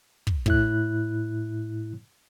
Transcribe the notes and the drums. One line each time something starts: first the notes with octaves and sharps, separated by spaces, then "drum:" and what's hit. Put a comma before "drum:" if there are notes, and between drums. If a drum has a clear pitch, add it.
drum: kick
A2 E4 F#6, drum: kick